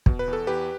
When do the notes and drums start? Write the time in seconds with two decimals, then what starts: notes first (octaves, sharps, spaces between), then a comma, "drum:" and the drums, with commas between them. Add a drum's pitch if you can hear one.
0.06 B2, drum: kick
0.19 B4
0.28 E2
0.33 A4
0.47 E2 G4 B4